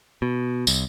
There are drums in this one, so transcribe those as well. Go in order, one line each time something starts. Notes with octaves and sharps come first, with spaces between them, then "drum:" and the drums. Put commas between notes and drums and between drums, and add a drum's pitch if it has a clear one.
B2
C2, drum: tambourine